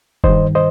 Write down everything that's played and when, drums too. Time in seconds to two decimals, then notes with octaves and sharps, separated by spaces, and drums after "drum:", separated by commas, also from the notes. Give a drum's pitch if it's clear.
0.24 G2 D#3 C5 D#5, drum: kick F1
0.55 C5 D#5